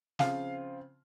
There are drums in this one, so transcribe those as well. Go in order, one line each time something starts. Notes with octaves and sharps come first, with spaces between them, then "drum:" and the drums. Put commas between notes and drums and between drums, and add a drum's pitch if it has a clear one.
C#3 F3 C4 F4 F5, drum: snare